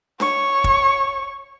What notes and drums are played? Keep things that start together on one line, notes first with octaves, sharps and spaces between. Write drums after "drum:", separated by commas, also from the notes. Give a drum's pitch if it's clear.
C#5 C#6, drum: snare D4
drum: kick